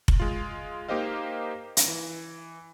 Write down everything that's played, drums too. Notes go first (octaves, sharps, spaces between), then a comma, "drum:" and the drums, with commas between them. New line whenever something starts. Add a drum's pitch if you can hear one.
drum: kick F1
G#3 F4
A#3 D#4 G4 C5 D#5 F5
drum: hi-hat
E3